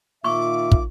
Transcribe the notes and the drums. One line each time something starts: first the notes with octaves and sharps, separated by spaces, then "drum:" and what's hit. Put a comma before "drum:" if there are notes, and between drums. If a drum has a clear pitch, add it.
A#2 D#3 F4 E5 C#6 D6
drum: kick